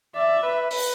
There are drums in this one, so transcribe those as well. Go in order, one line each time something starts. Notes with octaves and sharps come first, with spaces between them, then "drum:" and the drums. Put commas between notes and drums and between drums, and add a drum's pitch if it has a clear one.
D5 E5
B4
B4, drum: open hi-hat